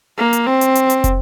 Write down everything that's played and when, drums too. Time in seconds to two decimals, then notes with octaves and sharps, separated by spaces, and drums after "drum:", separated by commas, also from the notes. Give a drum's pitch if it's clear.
0.18 A#3
0.33 drum: hi-hat
0.47 C4
0.61 drum: hi-hat
0.75 drum: hi-hat
0.90 drum: hi-hat
1.04 drum: kick, hi-hat